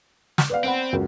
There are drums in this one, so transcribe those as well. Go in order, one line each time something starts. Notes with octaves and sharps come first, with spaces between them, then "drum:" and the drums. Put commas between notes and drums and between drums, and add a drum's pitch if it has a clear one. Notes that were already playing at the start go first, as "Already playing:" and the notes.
drum: snare
B4 D5 F5
C4 D5 F#5 B5
C#2 F#2